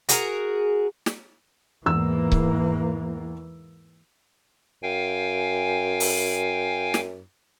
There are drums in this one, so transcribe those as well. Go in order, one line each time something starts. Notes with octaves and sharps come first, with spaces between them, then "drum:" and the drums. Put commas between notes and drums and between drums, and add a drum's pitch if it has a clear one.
F#4 G#4 A#4, drum: hi-hat
drum: snare
E2 G#2 E3 A#3 E6
drum: kick C#1
F#2 F5 G5 G#5
drum: open hi-hat
drum: snare